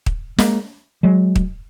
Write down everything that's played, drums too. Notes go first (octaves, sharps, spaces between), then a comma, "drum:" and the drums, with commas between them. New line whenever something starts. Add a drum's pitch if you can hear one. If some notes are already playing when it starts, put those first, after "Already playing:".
drum: kick
G#3 A#3, drum: snare
F#3 G#3
drum: kick